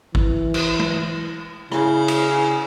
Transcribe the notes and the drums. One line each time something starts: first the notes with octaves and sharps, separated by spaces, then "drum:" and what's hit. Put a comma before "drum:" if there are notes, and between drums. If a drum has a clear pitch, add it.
E3, drum: kick
drum: cymbal
drum: tom
C#3 E4, drum: rim click
drum: cymbal